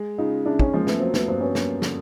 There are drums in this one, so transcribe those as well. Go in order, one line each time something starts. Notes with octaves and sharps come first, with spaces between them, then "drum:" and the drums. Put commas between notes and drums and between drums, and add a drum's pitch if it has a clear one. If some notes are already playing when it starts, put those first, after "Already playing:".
Already playing: G#3
C#3 D#4 F4
C#3 D4 E4
C#4 D#4, drum: kick
F3 G#3 A#3
A3 B3, drum: snare
F#3 A#3 C4
A3 B3, drum: snare
G2 A#3 C4
B3 C#4
A#3, drum: snare
D3, drum: snare